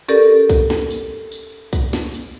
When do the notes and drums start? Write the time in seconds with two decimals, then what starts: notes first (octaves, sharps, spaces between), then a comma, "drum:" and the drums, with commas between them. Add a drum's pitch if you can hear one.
0.08 C#4 G4 A4 A#4 D5, drum: tambourine
0.50 drum: kick, tambourine
0.70 drum: snare
0.91 drum: tambourine
1.32 drum: tambourine
1.73 drum: kick, tambourine
1.93 drum: snare
2.14 drum: tambourine